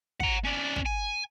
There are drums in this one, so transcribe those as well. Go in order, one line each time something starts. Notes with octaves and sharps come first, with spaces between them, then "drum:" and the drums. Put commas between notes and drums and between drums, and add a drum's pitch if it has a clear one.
F#5 A#5, drum: kick
C#4 D4
drum: kick
G#5